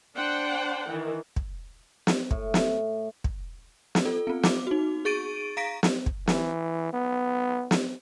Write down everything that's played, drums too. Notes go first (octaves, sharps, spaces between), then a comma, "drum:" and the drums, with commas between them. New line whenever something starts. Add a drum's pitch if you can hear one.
D4 C5 F#5 G5
D#3 E3
drum: kick
drum: snare
A2, drum: kick
drum: snare
drum: kick
drum: snare
F4 A4
B3 C4
D6, drum: snare
D#4 F#4
G#4 C#6 A6 D7 D#7
F5 A#5 A#6 B6 D7
drum: snare
drum: kick
E3, drum: snare
B3
drum: snare